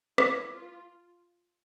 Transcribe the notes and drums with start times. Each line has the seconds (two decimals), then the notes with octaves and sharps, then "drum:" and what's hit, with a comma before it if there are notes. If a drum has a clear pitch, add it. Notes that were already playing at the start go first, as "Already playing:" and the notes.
0.18 E4, drum: rim click
0.52 F4